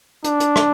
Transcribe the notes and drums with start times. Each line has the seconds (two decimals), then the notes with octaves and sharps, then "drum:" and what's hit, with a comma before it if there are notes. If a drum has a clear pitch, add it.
0.24 D4, drum: hi-hat
0.40 drum: hi-hat
0.56 drum: rim click